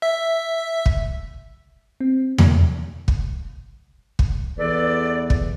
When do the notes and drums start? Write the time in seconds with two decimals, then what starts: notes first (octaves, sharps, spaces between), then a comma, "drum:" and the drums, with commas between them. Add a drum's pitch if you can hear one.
0.02 E5
0.86 drum: kick
2.00 C4
2.38 drum: tom E2
3.08 drum: kick
4.19 drum: kick
4.59 E2 A4 B4 D5
5.30 drum: kick